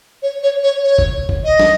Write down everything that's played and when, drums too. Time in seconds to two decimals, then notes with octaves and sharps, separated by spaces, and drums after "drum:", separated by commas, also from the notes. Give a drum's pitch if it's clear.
0.22 C#5
0.43 C#5
0.63 C#5
0.83 C#5
0.98 drum: kick
1.29 drum: kick
1.44 D#5
1.59 drum: snare